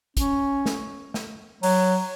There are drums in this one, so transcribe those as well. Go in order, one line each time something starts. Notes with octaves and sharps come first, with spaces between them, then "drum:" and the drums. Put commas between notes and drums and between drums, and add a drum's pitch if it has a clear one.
C#4, drum: kick, hi-hat
drum: snare
drum: snare
F#3, drum: open hi-hat